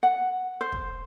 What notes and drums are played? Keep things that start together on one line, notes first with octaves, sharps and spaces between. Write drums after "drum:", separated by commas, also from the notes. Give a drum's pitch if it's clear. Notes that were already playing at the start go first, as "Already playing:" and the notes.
F#5
C5
drum: kick